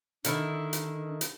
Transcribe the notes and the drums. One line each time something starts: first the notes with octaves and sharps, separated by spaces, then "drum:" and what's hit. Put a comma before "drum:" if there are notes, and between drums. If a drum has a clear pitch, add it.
D3 D#3 D4 E4, drum: hi-hat
drum: hi-hat
drum: hi-hat